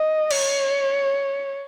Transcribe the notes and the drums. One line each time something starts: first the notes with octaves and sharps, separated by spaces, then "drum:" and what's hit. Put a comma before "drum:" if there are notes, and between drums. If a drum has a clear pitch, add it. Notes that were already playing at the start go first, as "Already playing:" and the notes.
Already playing: D#5
C#5, drum: cymbal